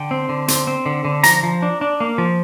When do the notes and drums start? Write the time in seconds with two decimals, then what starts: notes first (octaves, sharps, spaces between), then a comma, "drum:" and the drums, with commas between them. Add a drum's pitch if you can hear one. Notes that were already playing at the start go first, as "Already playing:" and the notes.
Already playing: D3 G5
0.11 C4
0.29 D3
0.48 C4, drum: hi-hat
0.67 C4
0.86 D3
1.05 D3
1.24 F3 A#5, drum: hi-hat
1.43 F3
1.62 D4
1.81 D4
2.00 A#3
2.18 F3